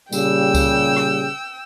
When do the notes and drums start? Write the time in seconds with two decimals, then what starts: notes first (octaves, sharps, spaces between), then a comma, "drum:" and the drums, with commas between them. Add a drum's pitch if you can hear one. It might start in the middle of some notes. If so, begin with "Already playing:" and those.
0.12 A#2 C#3 G3 G5 E6, drum: tambourine
0.55 drum: kick C#2, tambourine
0.97 drum: rim click